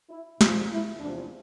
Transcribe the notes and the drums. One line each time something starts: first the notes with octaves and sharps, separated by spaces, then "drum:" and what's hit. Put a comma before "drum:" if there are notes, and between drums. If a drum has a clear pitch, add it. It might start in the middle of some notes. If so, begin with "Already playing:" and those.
E4
A#2 F3 F4, drum: snare
E4
E2 C3 F3 D4